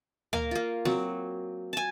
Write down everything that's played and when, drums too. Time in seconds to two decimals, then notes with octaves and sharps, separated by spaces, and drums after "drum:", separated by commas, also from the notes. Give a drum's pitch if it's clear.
0.33 A#3 A#4 F5, drum: tom D2
0.51 A#3 F4
0.85 F#3 C4, drum: snare
1.73 G#5 A5